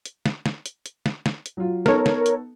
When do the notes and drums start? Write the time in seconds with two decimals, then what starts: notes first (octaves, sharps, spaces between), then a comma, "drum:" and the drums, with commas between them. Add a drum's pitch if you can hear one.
0.06 drum: hi-hat
0.26 drum: snare
0.46 drum: snare
0.66 drum: hi-hat
0.86 drum: hi-hat
1.06 drum: snare
1.26 drum: snare
1.46 drum: hi-hat
1.57 F#3 F4
1.86 B3 D#4 A4 A#4 C#5, drum: snare
2.06 drum: snare
2.26 drum: hi-hat